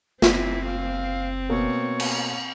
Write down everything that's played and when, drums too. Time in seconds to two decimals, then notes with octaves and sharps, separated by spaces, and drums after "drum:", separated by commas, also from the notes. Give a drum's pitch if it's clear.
0.22 F#1 C4 E4, drum: snare
0.65 F5
1.49 B2 A#3 B3 C#5
2.00 drum: cymbal